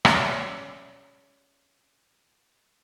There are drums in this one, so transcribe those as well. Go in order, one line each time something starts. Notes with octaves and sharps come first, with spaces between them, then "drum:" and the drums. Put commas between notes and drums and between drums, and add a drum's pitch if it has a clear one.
C#4 D5 E5, drum: rim click